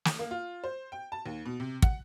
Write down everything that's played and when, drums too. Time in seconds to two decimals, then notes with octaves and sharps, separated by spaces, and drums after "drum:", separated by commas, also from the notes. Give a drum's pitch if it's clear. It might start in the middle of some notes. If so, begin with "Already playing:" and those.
0.05 drum: snare
0.19 A#3
0.31 F4
0.64 C5
0.92 G5
1.12 A5
1.26 D#2
1.46 B2
1.60 C3
1.82 F#5, drum: kick